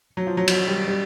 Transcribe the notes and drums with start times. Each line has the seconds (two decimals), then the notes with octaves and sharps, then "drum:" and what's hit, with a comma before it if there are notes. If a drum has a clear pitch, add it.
0.17 F#3
0.27 F3
0.37 F#3
0.47 F#3, drum: cymbal
0.67 G3
0.88 G3